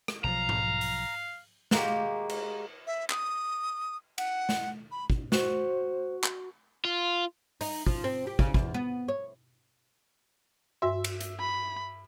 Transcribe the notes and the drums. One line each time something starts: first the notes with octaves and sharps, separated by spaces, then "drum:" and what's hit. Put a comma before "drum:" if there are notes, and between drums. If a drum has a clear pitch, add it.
drum: rim click
B1 F3 F5 A#5
drum: tom G#2
drum: open hi-hat
G#3 A#3 F#4 G4, drum: snare
drum: cymbal
E5
D#6, drum: clap
F#5, drum: cymbal
drum: snare
B5
drum: kick
F#4 C5, drum: snare
drum: clap
F4
D#4, drum: open hi-hat
F3, drum: kick
C4
G4
C#3, drum: kick
E2, drum: kick
B3
C#5
G2 F#4 E5 C6
drum: cymbal
drum: hi-hat
B5